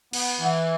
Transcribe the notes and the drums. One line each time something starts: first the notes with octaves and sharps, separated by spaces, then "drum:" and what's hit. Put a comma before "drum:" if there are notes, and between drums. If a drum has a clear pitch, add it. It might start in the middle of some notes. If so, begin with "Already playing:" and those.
B3, drum: cymbal
E3